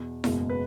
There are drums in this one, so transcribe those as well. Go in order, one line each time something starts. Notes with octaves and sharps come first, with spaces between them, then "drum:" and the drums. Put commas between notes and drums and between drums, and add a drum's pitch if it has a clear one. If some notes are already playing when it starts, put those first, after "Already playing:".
Already playing: E2 B2
F#1 E2 B2 G#3, drum: snare E4
B4